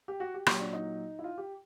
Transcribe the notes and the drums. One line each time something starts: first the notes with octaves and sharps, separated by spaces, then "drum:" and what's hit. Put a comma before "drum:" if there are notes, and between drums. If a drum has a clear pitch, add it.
G4
F#4
G4
A#2 F#3 G4, drum: rim click
D4
D#4
E4
F4
G4